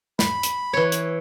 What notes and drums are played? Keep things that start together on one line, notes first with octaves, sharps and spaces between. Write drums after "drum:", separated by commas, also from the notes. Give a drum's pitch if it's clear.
B5, drum: snare
drum: hi-hat
E3 C#5
drum: hi-hat